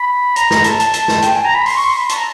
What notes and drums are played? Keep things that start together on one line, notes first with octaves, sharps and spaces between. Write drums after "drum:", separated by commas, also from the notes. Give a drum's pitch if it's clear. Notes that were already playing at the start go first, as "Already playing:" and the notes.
Already playing: B5
A#5, drum: hi-hat
A#5, drum: snare
A5, drum: hi-hat
A5, drum: hi-hat
drum: hi-hat
drum: snare
G5, drum: hi-hat
G#5
A#5
B5
C6, drum: open hi-hat
C#6
C6
B5
A5, drum: hi-hat
A#5